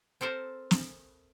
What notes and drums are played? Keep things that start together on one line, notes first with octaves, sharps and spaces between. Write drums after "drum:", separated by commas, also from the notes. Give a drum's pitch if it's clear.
C4 A4 A#4 C5
drum: snare